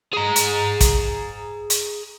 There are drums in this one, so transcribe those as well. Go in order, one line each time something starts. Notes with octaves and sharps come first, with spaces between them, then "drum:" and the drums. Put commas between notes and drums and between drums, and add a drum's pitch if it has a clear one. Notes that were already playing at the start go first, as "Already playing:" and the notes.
G#4 A#5
drum: hi-hat
drum: kick, hi-hat
drum: hi-hat